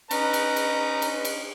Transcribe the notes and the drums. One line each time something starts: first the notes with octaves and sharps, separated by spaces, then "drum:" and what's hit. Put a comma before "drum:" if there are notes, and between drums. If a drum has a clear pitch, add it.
C#4 D#4 B4 A#5, drum: cymbal
drum: cymbal
drum: cymbal
drum: cymbal
drum: cymbal